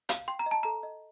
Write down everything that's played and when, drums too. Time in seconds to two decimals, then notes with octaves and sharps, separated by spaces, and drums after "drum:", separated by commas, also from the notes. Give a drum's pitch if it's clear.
0.09 F5, drum: hi-hat
0.28 G5 C6
0.39 A#5
0.46 D#5
0.51 A5
0.63 A4 A#5
0.83 D#5